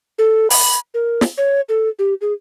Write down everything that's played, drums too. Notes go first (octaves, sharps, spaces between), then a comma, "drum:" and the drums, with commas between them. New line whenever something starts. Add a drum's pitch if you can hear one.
A4
B5, drum: open hi-hat
A#4
drum: snare
C#5
A4
G4
G#4